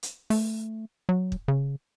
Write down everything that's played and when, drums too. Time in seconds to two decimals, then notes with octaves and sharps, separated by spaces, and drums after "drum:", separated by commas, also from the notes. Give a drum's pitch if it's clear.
0.03 drum: hi-hat
0.30 A3, drum: open hi-hat
1.09 F#3
1.32 drum: kick
1.48 C#3